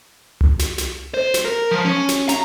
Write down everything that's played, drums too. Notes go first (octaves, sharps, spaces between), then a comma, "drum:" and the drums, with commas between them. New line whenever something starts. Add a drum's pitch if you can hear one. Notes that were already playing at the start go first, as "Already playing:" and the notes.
drum: tom C2
drum: snare
drum: snare
C5
drum: snare
A#4
F3
C#4
drum: snare
A#5, drum: snare